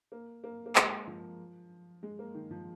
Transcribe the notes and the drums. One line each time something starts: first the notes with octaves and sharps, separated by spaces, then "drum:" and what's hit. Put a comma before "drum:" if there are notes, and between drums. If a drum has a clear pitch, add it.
A#3
A#3
A#3
G#3, drum: clap
F3
G#3
A#3
D#3
F3